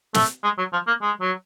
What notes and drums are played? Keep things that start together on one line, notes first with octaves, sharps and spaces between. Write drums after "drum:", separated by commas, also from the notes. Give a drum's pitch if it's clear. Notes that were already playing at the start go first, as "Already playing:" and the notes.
A3, drum: snare
G#3
F#3
F3
A#3
G#3
F#3